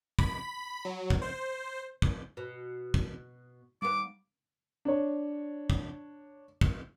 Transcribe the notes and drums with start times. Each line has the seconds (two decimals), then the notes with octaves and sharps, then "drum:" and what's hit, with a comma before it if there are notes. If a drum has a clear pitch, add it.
0.19 B5, drum: kick
0.85 F#3
1.10 drum: kick
1.22 C5
2.02 drum: kick
2.37 B2
2.94 drum: kick
3.82 D#2 G3 B3 D6
4.85 D4 C#5
5.70 drum: kick
6.61 drum: kick